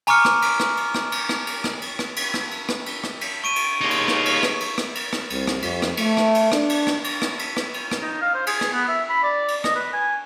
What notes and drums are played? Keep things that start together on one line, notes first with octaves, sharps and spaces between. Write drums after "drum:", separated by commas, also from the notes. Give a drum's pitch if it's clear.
G#5 A#5 C#6 D6 F6 C#7, drum: cymbal
drum: rim click
drum: cymbal
drum: rim click
drum: cymbal
drum: rim click
drum: cymbal
drum: rim click
drum: cymbal
drum: rim click
drum: cymbal
drum: rim click
drum: cymbal
drum: rim click
drum: cymbal
drum: rim click
drum: cymbal
drum: rim click
drum: cymbal
C#6 D7 D#7
drum: cymbal
D#2 D#4 F4 G#4 C#5
drum: cymbal
drum: rim click
drum: cymbal
drum: rim click
drum: cymbal
drum: rim click
drum: cymbal
drum: rim click
C2, drum: cymbal
drum: rim click
F2, drum: cymbal
drum: rim click
A3, drum: cymbal
drum: rim click
drum: cymbal
D4, drum: rim click
drum: cymbal
drum: rim click
drum: cymbal
drum: rim click
drum: cymbal
drum: rim click
drum: cymbal
drum: rim click
D#4
F5
C5
G#4, drum: cymbal
drum: rim click
B3
E5
B5
D5
drum: cymbal
D#5, drum: rim click
B4
G#5